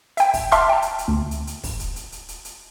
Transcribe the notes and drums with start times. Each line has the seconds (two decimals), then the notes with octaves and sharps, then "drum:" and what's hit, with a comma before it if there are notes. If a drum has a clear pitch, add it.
0.17 E5 G5, drum: hi-hat
0.34 drum: kick, open hi-hat
0.51 E5 A5 C6 D6 F6 F#6, drum: hi-hat
0.69 G5 A5
0.82 drum: hi-hat
0.99 drum: hi-hat
1.08 D2
1.31 drum: hi-hat
1.47 drum: hi-hat
1.63 drum: kick, open hi-hat
1.80 drum: hi-hat
1.96 drum: hi-hat
2.12 drum: hi-hat
2.28 drum: hi-hat
2.45 drum: hi-hat